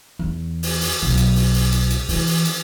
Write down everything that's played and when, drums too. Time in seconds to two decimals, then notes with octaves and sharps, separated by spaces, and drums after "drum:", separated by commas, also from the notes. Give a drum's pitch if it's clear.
0.19 E2
0.63 drum: open hi-hat
0.81 drum: open hi-hat
1.02 B1
1.17 drum: hi-hat
1.36 drum: open hi-hat
1.54 drum: open hi-hat
1.72 drum: hi-hat
1.90 drum: hi-hat
2.09 E3, drum: open hi-hat
2.27 drum: open hi-hat
2.45 drum: hi-hat